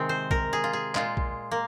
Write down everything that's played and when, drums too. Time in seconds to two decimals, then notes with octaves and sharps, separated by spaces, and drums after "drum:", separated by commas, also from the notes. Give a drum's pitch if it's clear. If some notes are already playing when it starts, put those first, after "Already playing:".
Already playing: C3 D#3 G#3 C4
0.09 C5
0.31 A#4, drum: kick B1
0.53 G#4
0.64 F4
0.73 G#4
0.95 A#2 G#3 F4, drum: clap
1.17 drum: kick B1
1.51 A#3